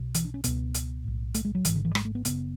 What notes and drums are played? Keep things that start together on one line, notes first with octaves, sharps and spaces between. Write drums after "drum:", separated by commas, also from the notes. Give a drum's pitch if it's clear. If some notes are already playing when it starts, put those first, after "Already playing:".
Already playing: B1 B2
E3, drum: hi-hat
D4
C#4
C#2 B2 B3, drum: hi-hat
drum: hi-hat
B1 A2
A3, drum: hi-hat
G#3
F#3
G#1 G#2 E3, drum: hi-hat
D3
E3
G#3, drum: rim click
A3
B3
F#1 F#2 C#3 B3, drum: hi-hat